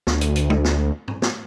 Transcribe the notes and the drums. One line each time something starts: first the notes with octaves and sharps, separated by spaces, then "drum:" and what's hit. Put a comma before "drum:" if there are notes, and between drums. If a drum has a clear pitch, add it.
D2, drum: snare
drum: hi-hat
drum: hi-hat
drum: tom
drum: snare
drum: tom G#2
drum: snare